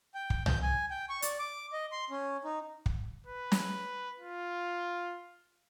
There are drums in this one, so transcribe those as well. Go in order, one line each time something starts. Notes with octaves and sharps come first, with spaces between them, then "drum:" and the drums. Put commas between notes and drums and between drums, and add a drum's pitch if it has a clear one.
G5
drum: kick
G6, drum: tom
G#5
G5
C#6
D5, drum: hi-hat
D6
D#5
C6
C#4
D#4
drum: kick
B4
drum: snare
F4